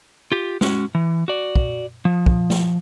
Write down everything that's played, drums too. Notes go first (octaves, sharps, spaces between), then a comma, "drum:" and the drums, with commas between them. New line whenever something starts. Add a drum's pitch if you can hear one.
F4 G4
G#3 C#4 F#4, drum: snare
E3
F#4 D5
drum: kick
F3
drum: kick
drum: snare